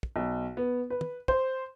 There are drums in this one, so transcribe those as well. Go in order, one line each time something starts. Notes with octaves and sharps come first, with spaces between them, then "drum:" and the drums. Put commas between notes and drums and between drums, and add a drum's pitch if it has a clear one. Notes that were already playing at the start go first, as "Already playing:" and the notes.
drum: kick
B1
B3
B4
drum: tom
C5, drum: kick